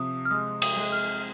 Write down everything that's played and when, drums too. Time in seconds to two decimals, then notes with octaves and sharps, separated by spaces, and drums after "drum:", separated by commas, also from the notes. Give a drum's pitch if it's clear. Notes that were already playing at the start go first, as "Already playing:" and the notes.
Already playing: C3 F3 D#6
0.25 F6
0.31 G#3 D#6
0.62 D#6, drum: cymbal
0.77 G#3
0.92 F6